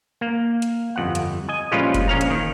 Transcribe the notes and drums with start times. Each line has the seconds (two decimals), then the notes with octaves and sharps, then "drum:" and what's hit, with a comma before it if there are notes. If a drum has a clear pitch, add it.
0.21 A#3
0.62 drum: hi-hat
0.96 G1 F2 F#5
1.15 drum: hi-hat
1.49 D#5 G#5
1.72 A#1 G3 G#3 C#4 F4 B4
1.94 drum: kick F#1, hi-hat
2.08 A#1 C#4 F5 A#5
2.21 drum: hi-hat
2.30 D#3